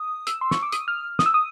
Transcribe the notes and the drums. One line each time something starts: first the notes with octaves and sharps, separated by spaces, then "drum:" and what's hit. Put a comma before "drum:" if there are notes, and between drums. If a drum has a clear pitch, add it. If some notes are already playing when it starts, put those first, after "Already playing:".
Already playing: D#6
E6, drum: hi-hat
C6
C#6, drum: snare
D6
D#6, drum: hi-hat
F6
D#6, drum: snare
E6
D#6